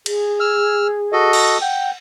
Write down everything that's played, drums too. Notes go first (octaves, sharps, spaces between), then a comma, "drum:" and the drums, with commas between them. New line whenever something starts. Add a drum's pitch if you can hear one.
G#4, drum: cymbal
E6 F6
F#4 A4 D#5
drum: cymbal
F#5 G5